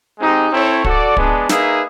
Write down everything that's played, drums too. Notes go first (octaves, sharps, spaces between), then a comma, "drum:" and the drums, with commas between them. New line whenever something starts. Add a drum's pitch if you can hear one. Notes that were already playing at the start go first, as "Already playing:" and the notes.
G#3 C4 D#4 G4
C4 E4 A4 C#5
F#4 A4 D5, drum: kick
G#3 B3 D4, drum: kick
A#3 D#4 G#4 B4 E5, drum: snare